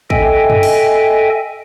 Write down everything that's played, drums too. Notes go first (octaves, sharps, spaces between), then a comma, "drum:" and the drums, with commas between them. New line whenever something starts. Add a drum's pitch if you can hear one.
A4 D#5 E5 G5 G#5, drum: kick
drum: tom F#2
drum: cymbal